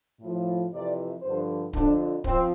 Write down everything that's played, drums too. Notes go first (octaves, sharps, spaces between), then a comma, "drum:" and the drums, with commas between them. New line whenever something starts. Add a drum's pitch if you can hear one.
A2 F3
F2 C3 E3 D5
G2 D3 F3 C5
F2 D3 F3 D4, drum: kick D1
F3 C4, drum: kick D1